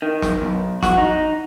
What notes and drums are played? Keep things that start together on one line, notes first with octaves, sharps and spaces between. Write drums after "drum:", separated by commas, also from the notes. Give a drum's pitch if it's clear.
D#3
drum: snare
B1
F#4, drum: snare
D#4